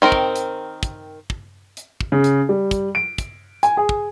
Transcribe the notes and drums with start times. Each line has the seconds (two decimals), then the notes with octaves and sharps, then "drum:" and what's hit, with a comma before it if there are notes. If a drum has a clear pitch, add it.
0.02 D#3 C4 A#4
0.12 drum: kick
0.36 drum: hi-hat
0.83 drum: kick, hi-hat
1.30 drum: kick
1.77 drum: hi-hat
2.01 drum: kick
2.12 C#3
2.24 drum: hi-hat
2.49 G3
2.71 drum: kick, hi-hat
2.95 D7
3.18 drum: kick, hi-hat
3.63 G#5, drum: hi-hat
3.77 G#4
3.89 drum: kick